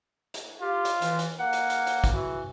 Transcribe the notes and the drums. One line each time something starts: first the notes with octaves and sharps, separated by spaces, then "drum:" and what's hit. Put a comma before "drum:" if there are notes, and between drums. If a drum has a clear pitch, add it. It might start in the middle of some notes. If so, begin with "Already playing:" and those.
drum: hi-hat
F4 G4
drum: hi-hat
E3, drum: hi-hat
drum: hi-hat
A#3 F#5
drum: hi-hat
drum: hi-hat
drum: hi-hat
drum: kick, hi-hat
E3 F#4